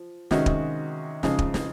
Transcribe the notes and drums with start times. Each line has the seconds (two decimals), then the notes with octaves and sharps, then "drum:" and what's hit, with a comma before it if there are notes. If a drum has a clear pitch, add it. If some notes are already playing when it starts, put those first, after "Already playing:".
Already playing: F3
0.31 C3 D#3 G#3 C#4 F#4, drum: snare
0.46 drum: kick
1.23 F2 C#3 G#3 D#4, drum: snare
1.39 drum: kick
1.54 drum: snare